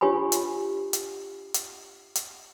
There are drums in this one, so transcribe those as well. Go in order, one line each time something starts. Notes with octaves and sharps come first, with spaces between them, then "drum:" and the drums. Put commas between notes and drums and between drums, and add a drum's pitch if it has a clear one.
D4 F4 G4 C#5 G#5 B5
drum: hi-hat
drum: hi-hat
drum: hi-hat
drum: hi-hat